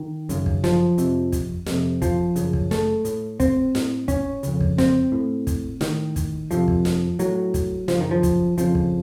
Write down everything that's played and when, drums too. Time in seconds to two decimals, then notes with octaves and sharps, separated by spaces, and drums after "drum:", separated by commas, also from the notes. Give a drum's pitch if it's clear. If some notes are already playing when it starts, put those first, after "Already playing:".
Already playing: D#3
0.29 F#2 C#3, drum: hi-hat
0.46 drum: kick
0.64 F3, drum: snare
0.98 F2 C3, drum: hi-hat
1.32 drum: kick, hi-hat
1.66 F2 C3, drum: snare
2.02 F3, drum: kick, hi-hat
2.36 F#2 C#3, drum: hi-hat
2.53 drum: kick
2.71 A3, drum: snare
3.05 A2, drum: hi-hat
3.40 C4, drum: kick, hi-hat
3.75 A2, drum: snare
4.08 C#4, drum: kick, hi-hat
4.43 F2 C#3, drum: hi-hat
4.60 drum: kick
4.78 C4, drum: snare
5.12 A2
5.47 drum: kick, hi-hat
5.81 A2 D#3, drum: snare
6.16 drum: kick, hi-hat
6.51 F2 C3 F3, drum: hi-hat
6.68 drum: kick
6.85 drum: snare
7.19 A2 F#3, drum: hi-hat
7.54 drum: kick, hi-hat
7.88 F#2 C#3 F3, drum: snare
8.01 D#3
8.11 F3
8.23 drum: kick, hi-hat
8.58 F2 C#3 F3, drum: hi-hat
8.75 drum: kick